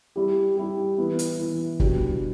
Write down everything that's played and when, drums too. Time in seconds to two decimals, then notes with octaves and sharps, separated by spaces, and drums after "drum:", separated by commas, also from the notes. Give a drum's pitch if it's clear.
0.16 G3 E4 G4
0.57 G3 E4 G4
0.98 E3 B3 E4
1.19 drum: hi-hat
1.39 E3 B3 E4
1.80 B2 G3 D4 G4, drum: kick